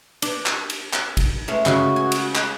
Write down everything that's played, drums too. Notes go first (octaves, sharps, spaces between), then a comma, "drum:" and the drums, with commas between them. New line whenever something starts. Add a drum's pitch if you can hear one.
D4, drum: cymbal
drum: clap
drum: cymbal
drum: clap
drum: kick, cymbal
G#3 A3 C#4
C#3 F#4, drum: clap
G#5
drum: cymbal
drum: clap